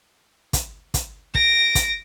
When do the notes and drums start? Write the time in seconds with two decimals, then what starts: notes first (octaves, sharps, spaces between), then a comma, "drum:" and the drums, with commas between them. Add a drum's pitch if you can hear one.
0.53 drum: kick, hi-hat
0.94 drum: kick, hi-hat
1.35 A#6 D7, drum: kick
1.75 drum: kick, hi-hat